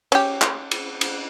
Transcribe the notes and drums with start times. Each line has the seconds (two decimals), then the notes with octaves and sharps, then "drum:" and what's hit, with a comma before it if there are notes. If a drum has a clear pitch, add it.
0.12 C#4 G4, drum: cymbal
0.42 drum: clap
0.71 drum: cymbal
1.01 drum: cymbal